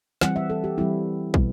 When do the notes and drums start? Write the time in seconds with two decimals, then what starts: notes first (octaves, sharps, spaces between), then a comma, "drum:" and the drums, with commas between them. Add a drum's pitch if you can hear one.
0.21 E3 G3 C4 F#5, drum: snare
0.36 E5
0.50 A4
0.64 G4
0.78 E3 G3 C4 E4
1.34 B2 G3 B3, drum: kick